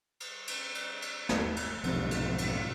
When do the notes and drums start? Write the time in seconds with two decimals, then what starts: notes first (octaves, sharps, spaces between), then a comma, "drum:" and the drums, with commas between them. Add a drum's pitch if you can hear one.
0.20 drum: cymbal
0.47 drum: cymbal
0.75 drum: cymbal
1.02 drum: cymbal
1.29 drum: snare
1.56 drum: cymbal
1.84 B1 F2 G#2 C3, drum: cymbal
2.11 drum: cymbal
2.38 drum: cymbal